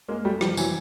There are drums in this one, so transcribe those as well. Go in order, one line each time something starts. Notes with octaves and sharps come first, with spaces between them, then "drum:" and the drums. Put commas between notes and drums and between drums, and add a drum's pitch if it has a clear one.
G#3 A#3
G3 A3
F3 G3, drum: rim click
E3 F#3, drum: tambourine